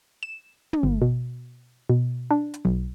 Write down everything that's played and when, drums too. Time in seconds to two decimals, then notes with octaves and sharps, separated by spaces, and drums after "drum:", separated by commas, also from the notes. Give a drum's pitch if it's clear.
0.23 E7
0.73 drum: tom
0.83 G1
1.02 B2
1.89 B2
2.31 D4
2.54 drum: hi-hat
2.65 B1